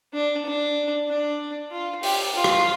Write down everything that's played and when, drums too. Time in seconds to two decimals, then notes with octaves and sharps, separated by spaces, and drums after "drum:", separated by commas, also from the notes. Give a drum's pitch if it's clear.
0.14 D4
0.45 D4
1.08 D4
1.72 F4
2.03 G4, drum: open hi-hat
2.35 F4
2.44 drum: rim click